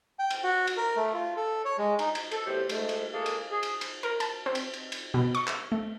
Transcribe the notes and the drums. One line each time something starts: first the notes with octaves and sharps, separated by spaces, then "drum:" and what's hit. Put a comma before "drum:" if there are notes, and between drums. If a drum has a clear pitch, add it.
G5
drum: cymbal
F#4
drum: cymbal
A#4
A3
F4
A4
C#5
G#3
D#4, drum: cymbal
drum: cymbal
A4, drum: cymbal
E2 A2 G4 C5
G#2 G#3 A3, drum: cymbal
drum: cymbal
G#3 A#3 G#4 A4
drum: cymbal
G#4
drum: cymbal
drum: cymbal
A#4
A5, drum: cymbal
C4
drum: cymbal
drum: cymbal
drum: cymbal
B2
C#6
drum: clap
A3